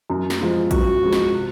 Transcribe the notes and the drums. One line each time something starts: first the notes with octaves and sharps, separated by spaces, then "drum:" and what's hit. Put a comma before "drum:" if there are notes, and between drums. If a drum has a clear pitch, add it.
F#2
drum: snare
F3 G#3
F#2 F#4, drum: kick A1, hi-hat
F3 G#3
drum: snare
C3